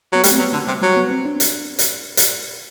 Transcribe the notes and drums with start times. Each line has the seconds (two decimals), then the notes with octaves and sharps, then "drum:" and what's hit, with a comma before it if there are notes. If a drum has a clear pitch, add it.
0.12 F#3 B3
0.24 G3 A3, drum: hi-hat
0.32 C4
0.38 F#3 B3
0.53 D3 A3
0.67 C3 G3
0.82 F#3 G3
0.96 B3
1.11 C4
1.25 D4
1.40 drum: hi-hat
1.79 drum: hi-hat
2.17 drum: hi-hat